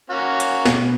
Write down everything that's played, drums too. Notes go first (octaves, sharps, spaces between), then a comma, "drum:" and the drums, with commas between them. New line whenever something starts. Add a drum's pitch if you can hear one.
A#3 C#4 F#4
drum: hi-hat
B2 B3, drum: snare